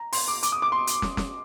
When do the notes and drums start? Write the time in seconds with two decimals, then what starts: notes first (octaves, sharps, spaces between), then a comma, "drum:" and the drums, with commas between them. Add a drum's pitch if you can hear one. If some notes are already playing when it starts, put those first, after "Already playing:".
Already playing: A#5
0.13 C6, drum: open hi-hat
0.28 D6
0.43 D6, drum: hi-hat
0.52 D#6
0.62 D6
0.72 C6
0.87 drum: hi-hat
1.02 drum: snare
1.17 drum: snare